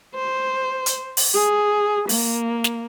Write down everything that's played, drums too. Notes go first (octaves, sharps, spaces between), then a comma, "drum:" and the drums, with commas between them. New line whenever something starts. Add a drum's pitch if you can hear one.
C5
drum: hi-hat
drum: open hi-hat
G#4
A#3, drum: open hi-hat
drum: snare